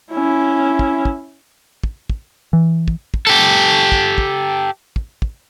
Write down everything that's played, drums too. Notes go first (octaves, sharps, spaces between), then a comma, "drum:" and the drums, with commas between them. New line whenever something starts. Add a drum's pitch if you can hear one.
C#4 E4
drum: kick
drum: kick
drum: kick
drum: kick
E3
drum: kick
drum: kick
G4 A4
drum: kick
drum: kick
drum: kick
drum: kick